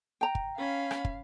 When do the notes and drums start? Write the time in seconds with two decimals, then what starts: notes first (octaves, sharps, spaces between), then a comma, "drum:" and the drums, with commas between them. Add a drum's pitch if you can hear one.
0.21 G5 A#5
0.35 drum: kick
0.58 C#4 F5 B5
0.91 drum: rim click
1.05 drum: kick